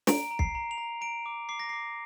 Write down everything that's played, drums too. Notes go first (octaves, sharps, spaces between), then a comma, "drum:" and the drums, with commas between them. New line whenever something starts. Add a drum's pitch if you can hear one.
A#5 D7, drum: snare
A#5
C7, drum: kick
A#5
F7
A#5
A#5 D7
D6
D6 C7
A#6
D6 C7